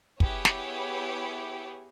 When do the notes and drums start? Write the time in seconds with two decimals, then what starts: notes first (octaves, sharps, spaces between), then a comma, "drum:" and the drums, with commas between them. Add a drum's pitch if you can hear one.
0.20 B3 E4 G4 G#4 C#5, drum: kick
0.45 drum: snare